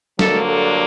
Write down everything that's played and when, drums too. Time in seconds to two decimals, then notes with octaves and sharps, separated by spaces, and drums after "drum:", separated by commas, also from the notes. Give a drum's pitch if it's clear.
0.19 G2 D3 F#3 A#3 A4, drum: snare
0.48 A4